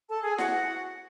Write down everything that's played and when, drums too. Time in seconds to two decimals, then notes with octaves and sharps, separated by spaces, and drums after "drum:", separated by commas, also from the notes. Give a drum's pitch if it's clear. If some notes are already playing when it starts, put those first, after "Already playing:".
0.08 A4 A5
0.23 G#4 G#5
0.38 F#4 F#5, drum: snare E4